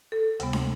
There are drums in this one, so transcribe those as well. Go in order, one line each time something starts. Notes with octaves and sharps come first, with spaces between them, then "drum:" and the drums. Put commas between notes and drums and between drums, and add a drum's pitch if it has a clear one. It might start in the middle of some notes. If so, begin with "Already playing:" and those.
A4
D2 C3 G3 B3, drum: hi-hat
drum: snare